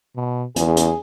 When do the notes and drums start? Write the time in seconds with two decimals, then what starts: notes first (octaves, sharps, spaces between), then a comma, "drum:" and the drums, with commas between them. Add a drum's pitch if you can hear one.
0.16 B2
0.56 E2 G#4, drum: hi-hat
0.77 drum: hi-hat